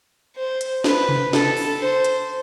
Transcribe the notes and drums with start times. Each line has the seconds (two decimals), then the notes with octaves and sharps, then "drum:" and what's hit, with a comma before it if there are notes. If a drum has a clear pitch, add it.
0.36 C5
0.61 drum: hi-hat
0.84 B4, drum: snare
1.09 drum: tom C3
1.33 A4, drum: snare
1.57 drum: open hi-hat
1.80 C5
2.04 drum: hi-hat